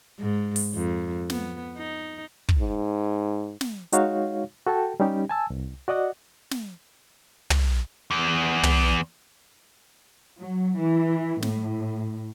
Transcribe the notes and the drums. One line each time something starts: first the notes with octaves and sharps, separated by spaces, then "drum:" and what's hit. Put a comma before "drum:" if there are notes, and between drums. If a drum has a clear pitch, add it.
G#2
drum: open hi-hat
F2
B3, drum: snare
D#4
drum: kick
G#2
drum: snare
G#3 D#4 F#4 C#5 F5, drum: hi-hat
F#4 A4 G5 A5
G3 C#4 D#4 G4
G#5 A5 E6
C2
F#4 D5 D#5 F#5
drum: snare
drum: tom
E2
drum: tom
F#3
E3
A2, drum: snare